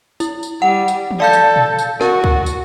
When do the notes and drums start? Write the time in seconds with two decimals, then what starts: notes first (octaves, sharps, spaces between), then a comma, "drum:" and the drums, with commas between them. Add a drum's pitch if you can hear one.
0.20 E4, drum: tambourine
0.43 drum: tambourine
0.62 G3 F#5
0.88 drum: tambourine
1.11 drum: tom E3
1.20 A4 D5 F5 G6
1.33 drum: tambourine
1.56 drum: tom A#2
1.79 drum: tambourine
2.01 F#4 A#4, drum: snare
2.24 drum: kick C#2
2.46 drum: tambourine